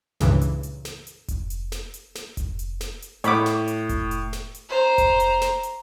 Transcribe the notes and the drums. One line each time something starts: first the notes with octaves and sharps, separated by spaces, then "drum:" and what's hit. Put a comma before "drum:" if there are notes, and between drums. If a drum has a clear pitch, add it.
C#2 G2 A#2 C#3 E3, drum: snare
drum: hi-hat
drum: hi-hat
drum: snare
drum: hi-hat
drum: kick F1, hi-hat
drum: hi-hat
drum: snare
drum: hi-hat
drum: snare
drum: kick F1, hi-hat
drum: hi-hat
drum: snare
drum: hi-hat
A2 C#5 B5 D6, drum: hi-hat
drum: snare
drum: hi-hat
drum: kick F1, hi-hat
drum: hi-hat
drum: snare
drum: hi-hat
C5 A#5
drum: kick F1, hi-hat
drum: hi-hat
drum: snare
drum: hi-hat